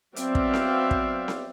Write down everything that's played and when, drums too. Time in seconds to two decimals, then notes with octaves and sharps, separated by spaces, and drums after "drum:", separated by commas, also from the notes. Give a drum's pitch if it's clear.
0.16 F#3 B3 C4 D5 E5 F5, drum: hi-hat
0.35 drum: kick
0.54 drum: snare C4
0.91 drum: kick
1.28 drum: snare C4